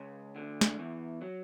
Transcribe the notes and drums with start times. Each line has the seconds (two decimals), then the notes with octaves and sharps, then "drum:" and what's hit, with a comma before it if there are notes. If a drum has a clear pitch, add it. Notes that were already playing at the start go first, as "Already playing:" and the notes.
Already playing: C#2 C#3
0.35 D2 D3
0.61 drum: snare
0.79 E2 E3
1.21 F#3